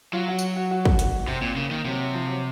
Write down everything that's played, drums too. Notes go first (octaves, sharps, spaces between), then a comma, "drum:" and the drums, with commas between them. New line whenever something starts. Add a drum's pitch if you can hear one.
F#3 F4
F#4
drum: tambourine
F#4
F#4
drum: kick
F#4, drum: hi-hat
C3 C4
A#2
C#3 A#3
D#3
C3 F#3
F#3
F3
F#3